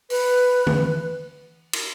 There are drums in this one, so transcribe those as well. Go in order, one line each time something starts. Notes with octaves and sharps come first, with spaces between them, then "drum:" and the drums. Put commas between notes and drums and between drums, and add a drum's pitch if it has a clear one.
B4, drum: open hi-hat
drum: tom D3
drum: cymbal